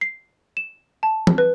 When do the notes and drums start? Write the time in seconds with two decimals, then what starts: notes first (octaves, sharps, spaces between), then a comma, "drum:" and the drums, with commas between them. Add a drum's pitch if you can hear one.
0.01 C7
0.57 E7
1.03 A5
1.27 drum: tom
1.38 B4